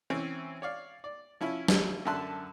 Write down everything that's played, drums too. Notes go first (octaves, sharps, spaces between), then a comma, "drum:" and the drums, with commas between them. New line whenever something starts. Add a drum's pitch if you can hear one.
E3 C4 C#4
C#5 D5 F5
D5
F3 C#4 E4
drum: snare
F#2 D3 E5 A5 C6 F#6